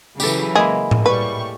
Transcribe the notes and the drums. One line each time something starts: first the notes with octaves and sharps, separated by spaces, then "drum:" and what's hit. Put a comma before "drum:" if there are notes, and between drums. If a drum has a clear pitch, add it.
C#3 E3 F#3 G4 A4, drum: tambourine
G#3 A#3 E4 G#4
drum: tom A2
A2 G3 B4 C#6